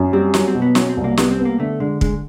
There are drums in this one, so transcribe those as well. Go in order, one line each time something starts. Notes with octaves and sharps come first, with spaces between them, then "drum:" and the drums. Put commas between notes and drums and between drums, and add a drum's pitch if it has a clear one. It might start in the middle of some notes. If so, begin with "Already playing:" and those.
Already playing: F#2
G3 C4
F#3 C#4, drum: snare
C4
B2
B3
F#3 C#4, drum: snare
C4
C2
A#3
G3 B3, drum: snare
C4
B3
A#3
D3 A3
D3 G#3
D3 G#3, drum: kick